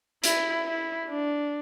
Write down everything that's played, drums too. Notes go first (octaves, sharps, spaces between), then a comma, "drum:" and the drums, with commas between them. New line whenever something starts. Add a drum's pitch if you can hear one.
E4, drum: hi-hat
E4
D4